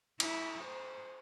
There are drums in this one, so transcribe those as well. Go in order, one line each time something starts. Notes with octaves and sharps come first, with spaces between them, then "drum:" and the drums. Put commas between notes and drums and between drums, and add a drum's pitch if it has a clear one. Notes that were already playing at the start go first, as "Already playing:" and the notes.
E4, drum: cymbal
C5